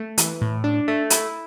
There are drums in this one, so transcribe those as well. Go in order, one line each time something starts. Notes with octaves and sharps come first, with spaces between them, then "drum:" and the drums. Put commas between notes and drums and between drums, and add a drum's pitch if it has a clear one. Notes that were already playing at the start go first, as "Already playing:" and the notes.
Already playing: A3
E3, drum: hi-hat
A2
D4
A3
E4, drum: hi-hat